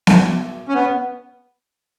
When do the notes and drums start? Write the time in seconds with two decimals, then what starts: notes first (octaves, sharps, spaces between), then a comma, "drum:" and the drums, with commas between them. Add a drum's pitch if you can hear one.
0.07 drum: snare B3
0.68 C#4
0.74 B3